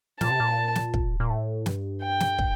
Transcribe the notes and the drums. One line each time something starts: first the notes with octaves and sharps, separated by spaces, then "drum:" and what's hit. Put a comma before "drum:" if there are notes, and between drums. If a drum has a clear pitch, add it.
A#2 A5, drum: snare
C3
A#2
drum: snare
drum: kick
A#2
A2
G2, drum: snare
G5
drum: snare
drum: kick